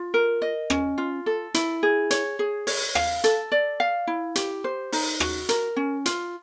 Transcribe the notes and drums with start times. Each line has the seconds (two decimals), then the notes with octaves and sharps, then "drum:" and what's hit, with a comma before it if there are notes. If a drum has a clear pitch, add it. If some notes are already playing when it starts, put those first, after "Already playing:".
Already playing: F4
0.14 A#4
0.42 D#5
0.70 C#4, drum: rim click
0.98 F4
1.26 A4
1.54 E4, drum: hi-hat
1.83 G#4
2.11 C#5, drum: hi-hat
2.39 G#4
2.67 C#5, drum: open hi-hat
2.95 F5, drum: rim click
3.24 A4, drum: hi-hat
3.52 D5
3.80 F5
4.07 E4
4.35 G4, drum: hi-hat
4.64 C5
4.92 D#4, drum: open hi-hat
5.20 F#4, drum: rim click
5.49 A#4, drum: hi-hat
5.76 C#4
6.06 F4, drum: hi-hat